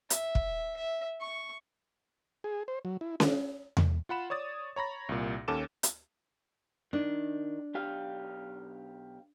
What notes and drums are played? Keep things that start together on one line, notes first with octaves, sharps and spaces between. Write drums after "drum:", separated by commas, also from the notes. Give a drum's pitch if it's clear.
E5, drum: hi-hat
drum: kick
E5
C#6
G#4
C5
F#3
E4
D4, drum: snare C#4
drum: tom E2
F4 F#5 B5 E7
C#5 D5 D#6 A6
C#5 A#5 B5 A#6
C2 A#2
D#2 C#4 A4 D6 E7
drum: hi-hat
D#3 D4
B1 G4 F5